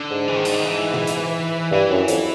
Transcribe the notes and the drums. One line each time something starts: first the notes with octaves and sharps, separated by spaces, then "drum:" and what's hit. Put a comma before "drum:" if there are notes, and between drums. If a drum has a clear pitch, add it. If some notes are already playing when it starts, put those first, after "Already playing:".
Already playing: D3
G#2
E3
D#3
D3, drum: cymbal
D#3
E3
drum: tom
drum: hi-hat
G2 E3
F#2
F2, drum: hi-hat